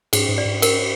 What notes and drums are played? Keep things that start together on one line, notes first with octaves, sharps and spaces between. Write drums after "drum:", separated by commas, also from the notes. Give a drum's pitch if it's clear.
G#2 G#4, drum: cymbal
G#2
D5
G#2
A#4, drum: cymbal